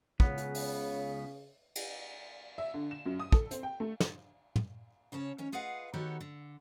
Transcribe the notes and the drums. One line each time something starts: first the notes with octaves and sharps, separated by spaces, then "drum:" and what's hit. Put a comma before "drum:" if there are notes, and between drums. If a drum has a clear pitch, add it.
C#2 C#3 B3, drum: kick
drum: hi-hat
drum: open hi-hat
drum: cymbal
E5
D3
E7
F#2
D#6
A4, drum: kick
C4, drum: hi-hat
G5
A3
drum: snare
drum: tom
C#3 C#4 G#4 C#5 A5
D#3 C#4 C#5
F4 G#4 B4 D#5 F5 F#5
D#3 B3 F#4 G4 A4 C#5
D3